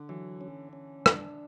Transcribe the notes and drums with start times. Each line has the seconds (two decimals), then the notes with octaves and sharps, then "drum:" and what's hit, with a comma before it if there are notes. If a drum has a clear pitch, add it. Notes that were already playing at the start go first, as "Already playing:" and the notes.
Already playing: D3
0.09 E3 F#3
0.41 C#4
0.73 C#4
1.06 D4, drum: rim click